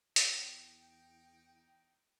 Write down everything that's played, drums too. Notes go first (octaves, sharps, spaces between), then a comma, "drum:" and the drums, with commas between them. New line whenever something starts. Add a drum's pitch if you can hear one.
E2 D#4 G5, drum: hi-hat